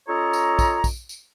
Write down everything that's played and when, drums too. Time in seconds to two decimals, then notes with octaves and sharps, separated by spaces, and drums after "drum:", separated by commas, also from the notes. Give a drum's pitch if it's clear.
0.08 C#4 F4 A4 C#5 D#5 A#5
0.33 drum: tambourine
0.59 drum: kick, tambourine
0.84 drum: kick, tambourine
1.09 drum: tambourine